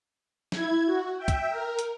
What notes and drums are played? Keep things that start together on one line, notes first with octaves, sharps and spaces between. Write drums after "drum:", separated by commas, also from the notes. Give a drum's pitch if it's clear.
E4 G#6, drum: snare
F#4
E5 G5
drum: kick, hi-hat
A#4
drum: hi-hat